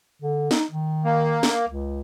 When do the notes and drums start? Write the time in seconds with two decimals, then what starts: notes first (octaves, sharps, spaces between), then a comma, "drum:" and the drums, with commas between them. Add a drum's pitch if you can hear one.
0.22 D3
0.51 D#4, drum: snare
0.71 D#3
1.05 A#3
1.43 drum: snare
1.68 C#2